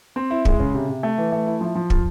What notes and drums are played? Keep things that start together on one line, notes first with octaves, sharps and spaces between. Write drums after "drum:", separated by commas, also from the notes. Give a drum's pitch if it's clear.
C4
E4
G#3, drum: kick
C#3
C3
C3
A3
E3
A3
E4
F3
F3
F4, drum: kick